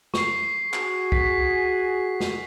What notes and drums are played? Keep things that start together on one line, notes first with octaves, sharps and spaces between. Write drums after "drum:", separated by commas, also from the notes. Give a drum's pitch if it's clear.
C#6 C7, drum: snare
F#4 G#4, drum: clap
B6, drum: kick
drum: snare